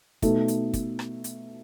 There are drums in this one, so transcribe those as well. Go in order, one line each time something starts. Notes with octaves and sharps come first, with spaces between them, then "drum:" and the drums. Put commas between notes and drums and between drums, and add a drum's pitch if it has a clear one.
B2 A3 D#4 A4, drum: kick, hi-hat
drum: hi-hat
drum: kick, hi-hat
drum: rim click
drum: hi-hat